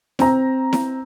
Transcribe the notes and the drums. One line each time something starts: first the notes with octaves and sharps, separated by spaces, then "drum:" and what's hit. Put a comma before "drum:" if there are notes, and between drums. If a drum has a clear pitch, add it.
C4 A#5, drum: snare E4
drum: snare E4